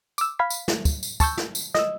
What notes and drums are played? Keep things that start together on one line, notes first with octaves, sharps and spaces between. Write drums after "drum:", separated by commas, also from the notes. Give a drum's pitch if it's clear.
D6 E6, drum: tambourine
F5 B5 G#6 B6
drum: tambourine
drum: snare
drum: kick, tambourine
drum: tambourine
A5 C#6 E6 G6, drum: kick, tambourine
drum: snare
drum: tambourine
D#5 E6, drum: snare